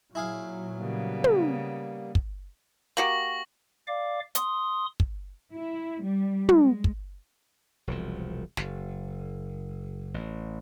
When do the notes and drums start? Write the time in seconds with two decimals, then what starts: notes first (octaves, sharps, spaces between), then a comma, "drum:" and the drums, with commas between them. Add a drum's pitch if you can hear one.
0.15 A#2 F#3 E4 G#4 F5
0.77 C#3 G3 A#3 B3
1.24 drum: tom
2.15 drum: kick
2.97 A#3 F#4 G4 C#6 A#6 F#7
3.87 D5 F5 D6
4.35 C6 D#6, drum: hi-hat
5.00 drum: kick
5.54 E4
6.03 G3
6.49 G#3, drum: tom
6.84 drum: kick
7.87 E1 C2 F3
8.57 F#1, drum: snare
10.14 A1